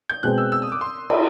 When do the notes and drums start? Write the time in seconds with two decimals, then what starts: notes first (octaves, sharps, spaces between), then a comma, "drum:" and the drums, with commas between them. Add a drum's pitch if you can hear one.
0.09 G6
0.23 B2 G#3 C4 F#6
0.38 E6
0.52 E6
0.62 D#6
0.72 D6
0.81 C6
1.10 B5, drum: cymbal